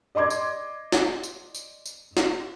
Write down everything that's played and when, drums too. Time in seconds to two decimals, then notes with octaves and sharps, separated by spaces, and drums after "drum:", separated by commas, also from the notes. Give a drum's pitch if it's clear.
0.15 D5 D#5 C6 D6 G#6
0.30 drum: tambourine
0.92 drum: snare
1.23 drum: tambourine
1.55 drum: tambourine
1.86 drum: tambourine
2.17 drum: snare